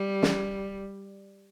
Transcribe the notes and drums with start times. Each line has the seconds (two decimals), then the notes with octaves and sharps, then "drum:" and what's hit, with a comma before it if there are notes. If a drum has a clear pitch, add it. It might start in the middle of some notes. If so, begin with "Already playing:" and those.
Already playing: G3
0.23 drum: snare